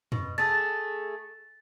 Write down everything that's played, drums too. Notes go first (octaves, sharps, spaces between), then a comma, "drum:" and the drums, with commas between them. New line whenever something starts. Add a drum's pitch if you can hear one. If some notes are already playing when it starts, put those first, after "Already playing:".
B2, drum: tom F2
A3 G#4 A6